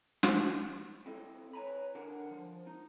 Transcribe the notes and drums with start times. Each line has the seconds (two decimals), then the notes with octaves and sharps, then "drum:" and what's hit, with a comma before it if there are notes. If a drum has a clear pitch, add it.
0.23 drum: snare
1.06 C4 E4 A4 D#5
1.53 B4 C#5 E5 G#5 A#5 B5
1.95 D3 A#4 F#5 G#5
2.31 F3
2.67 D#4